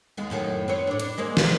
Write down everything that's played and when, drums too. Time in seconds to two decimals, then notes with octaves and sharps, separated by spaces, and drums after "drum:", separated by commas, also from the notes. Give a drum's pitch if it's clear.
0.17 D#2 G#3 B3
0.30 F#2 A2 D#3
0.68 C4 B4 C#5
0.87 A2 D4
1.00 D4, drum: hi-hat
1.18 G#3 A#3 C4
1.37 drum: snare